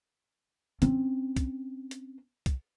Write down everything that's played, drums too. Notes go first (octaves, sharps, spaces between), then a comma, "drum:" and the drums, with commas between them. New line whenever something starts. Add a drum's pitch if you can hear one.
C4 C#4, drum: hi-hat
drum: kick, hi-hat
drum: hi-hat
drum: kick, hi-hat